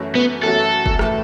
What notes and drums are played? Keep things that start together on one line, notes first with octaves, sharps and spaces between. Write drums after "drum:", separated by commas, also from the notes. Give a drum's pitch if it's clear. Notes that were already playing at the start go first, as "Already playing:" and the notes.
Already playing: F#2 E3 A3 C#4 F#4
B3
F#2 E3 A3 C#4 F#4 A4
drum: kick
A2 E3 A3, drum: rim click